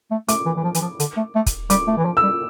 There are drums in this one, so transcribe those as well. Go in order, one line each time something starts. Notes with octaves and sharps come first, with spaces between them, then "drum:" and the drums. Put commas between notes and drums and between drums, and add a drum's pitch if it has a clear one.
A3
A3 D6, drum: hi-hat
E3
E3
F3
E3, drum: hi-hat
F3
D3, drum: hi-hat
A3
A3
drum: kick, hi-hat
G3 D6, drum: hi-hat
A3
E3
F3
E6
G3